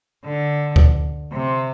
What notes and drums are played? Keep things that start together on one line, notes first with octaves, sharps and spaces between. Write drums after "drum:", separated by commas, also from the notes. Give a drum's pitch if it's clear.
D3
drum: kick D2
C3